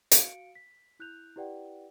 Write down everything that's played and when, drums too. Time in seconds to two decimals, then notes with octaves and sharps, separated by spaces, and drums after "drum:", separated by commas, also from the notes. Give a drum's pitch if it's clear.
0.12 F#4 F5 C#7 D7, drum: hi-hat
0.55 B6
0.99 E4 F#6 G6 F7
1.36 E4 G4 B4 D5 F#5 G5